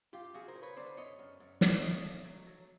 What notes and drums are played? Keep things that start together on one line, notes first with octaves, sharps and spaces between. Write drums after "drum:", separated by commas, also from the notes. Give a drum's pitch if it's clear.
F#2 F4 G4
F#2 F#4 G#4
A#4 C5
F#3
B4 C#5
D3 C5 D5
F#2 C#5 D#5
F#2
F#2
A3 C#5 D#5, drum: snare
A#2 C#5 D#5
A3
F#3
F#3